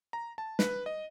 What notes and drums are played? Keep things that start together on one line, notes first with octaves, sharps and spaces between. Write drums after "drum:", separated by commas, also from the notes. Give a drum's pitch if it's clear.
A#5
A5
B4, drum: snare
D#5